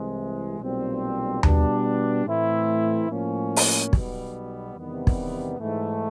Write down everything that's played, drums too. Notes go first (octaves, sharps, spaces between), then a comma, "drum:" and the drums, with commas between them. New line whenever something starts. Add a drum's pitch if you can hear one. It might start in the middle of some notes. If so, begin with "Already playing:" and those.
Already playing: C2 C3 E3 G#3 C4
B1 A#2 G3 C4
B2 G3 B3 D4, drum: tom D#2
A2 E3 A3 C4 E4
A2 F3 A#3 C#4
drum: open hi-hat
B1 B2 G3 B3, drum: kick
E2 C3 D#3 G3 B3
drum: kick
G#2 E3 A3